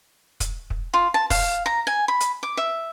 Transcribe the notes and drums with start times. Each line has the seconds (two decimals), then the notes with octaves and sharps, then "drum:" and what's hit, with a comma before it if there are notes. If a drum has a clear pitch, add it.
0.40 drum: kick, hi-hat
0.70 drum: kick
0.94 F4
1.14 A5
1.30 F5, drum: kick, open hi-hat
1.66 A#5
1.87 G#5
2.08 B5
2.20 drum: hi-hat
2.43 D6
2.57 E5